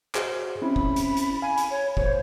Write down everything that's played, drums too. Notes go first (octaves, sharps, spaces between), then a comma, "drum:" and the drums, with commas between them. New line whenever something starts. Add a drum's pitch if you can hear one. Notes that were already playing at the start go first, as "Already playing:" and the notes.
F#4 G#4 C5, drum: clap
C4 C#4 E4 B5
drum: kick
drum: hi-hat
drum: hi-hat
F5 G#5
drum: hi-hat
C#5
C5 C#5, drum: kick